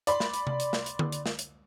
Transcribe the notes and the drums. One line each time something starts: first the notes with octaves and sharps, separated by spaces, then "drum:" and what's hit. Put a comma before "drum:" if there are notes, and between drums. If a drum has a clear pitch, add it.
D5 B5 C6, drum: hi-hat
drum: snare
drum: hi-hat
drum: tom C3
drum: hi-hat
drum: snare
drum: hi-hat
drum: tom D3
drum: hi-hat
drum: snare
drum: hi-hat